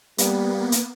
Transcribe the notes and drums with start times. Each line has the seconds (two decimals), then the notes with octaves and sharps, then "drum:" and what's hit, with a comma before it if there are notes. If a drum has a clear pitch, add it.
0.18 G3 A#3 B3, drum: hi-hat
0.72 drum: hi-hat